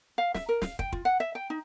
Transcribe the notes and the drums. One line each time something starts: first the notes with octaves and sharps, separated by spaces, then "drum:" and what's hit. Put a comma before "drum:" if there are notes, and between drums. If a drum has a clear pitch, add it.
F5
E5, drum: snare
A#4
F5, drum: snare
G5, drum: kick
F4, drum: kick
F#5
E5
G5
D#4